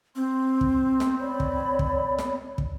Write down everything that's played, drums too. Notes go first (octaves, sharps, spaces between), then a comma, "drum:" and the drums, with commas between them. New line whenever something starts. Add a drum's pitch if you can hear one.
C4 C6
drum: kick
drum: snare
C#5 D5 B5
drum: kick
drum: kick
drum: snare
drum: kick